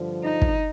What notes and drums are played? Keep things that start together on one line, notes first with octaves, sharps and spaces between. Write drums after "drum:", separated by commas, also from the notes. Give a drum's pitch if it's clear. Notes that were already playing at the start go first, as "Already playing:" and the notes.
Already playing: G2 D3 F3
D#4
drum: kick